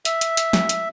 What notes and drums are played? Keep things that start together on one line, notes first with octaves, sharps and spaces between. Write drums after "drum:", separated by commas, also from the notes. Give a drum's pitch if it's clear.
E5, drum: hi-hat
drum: hi-hat
drum: hi-hat
drum: snare
drum: hi-hat